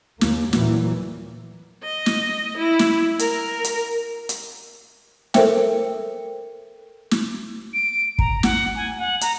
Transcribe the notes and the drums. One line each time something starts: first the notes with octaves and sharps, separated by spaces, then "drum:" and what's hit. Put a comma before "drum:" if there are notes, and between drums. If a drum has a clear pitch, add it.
D#2 A#3, drum: snare
A#2 E3 F#3, drum: snare
D#5
drum: snare
E4
drum: snare
A#4, drum: hi-hat
drum: hi-hat
drum: hi-hat
A4 A#4 C5 E5 G5, drum: snare
drum: snare
D7
A#5, drum: kick
F#5, drum: snare
G#5
F#5
A#5, drum: hi-hat